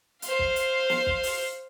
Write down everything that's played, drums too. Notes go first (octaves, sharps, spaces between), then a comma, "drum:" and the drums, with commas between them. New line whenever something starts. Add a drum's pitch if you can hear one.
C5 F5, drum: hi-hat
drum: kick
drum: hi-hat
drum: snare
drum: kick
drum: open hi-hat